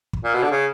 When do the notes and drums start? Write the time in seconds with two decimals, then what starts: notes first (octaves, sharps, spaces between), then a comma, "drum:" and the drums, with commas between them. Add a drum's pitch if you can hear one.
0.13 drum: kick
0.24 A#2
0.34 B2
0.43 D3
0.51 C#3